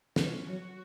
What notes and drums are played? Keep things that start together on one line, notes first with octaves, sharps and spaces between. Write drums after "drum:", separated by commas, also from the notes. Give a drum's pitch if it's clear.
E3 C#4, drum: snare
F#3 F#4